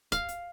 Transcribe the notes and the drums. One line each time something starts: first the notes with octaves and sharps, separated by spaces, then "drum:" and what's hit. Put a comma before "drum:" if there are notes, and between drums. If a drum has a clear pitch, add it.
F5, drum: kick, hi-hat
drum: hi-hat